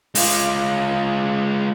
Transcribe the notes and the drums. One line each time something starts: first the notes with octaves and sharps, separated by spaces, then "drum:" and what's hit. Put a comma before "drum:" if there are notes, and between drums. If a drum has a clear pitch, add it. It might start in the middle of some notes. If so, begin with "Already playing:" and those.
G#3 F4, drum: open hi-hat